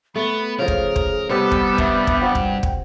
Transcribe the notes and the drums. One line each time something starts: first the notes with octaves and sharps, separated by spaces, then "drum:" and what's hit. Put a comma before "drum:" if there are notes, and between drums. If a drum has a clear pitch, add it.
A3 B3 B5
C#3 F3 G#4 A#4
drum: kick
drum: kick
C3 G3 B3 A4 B4 D#5
drum: kick
G2 E5, drum: kick
drum: kick
F3 F#4 F#5 G5
drum: kick
drum: kick